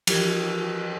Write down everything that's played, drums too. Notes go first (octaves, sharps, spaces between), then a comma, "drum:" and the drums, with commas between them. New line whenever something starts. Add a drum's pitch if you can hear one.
E3 F3 G4 A#4 G#6, drum: cymbal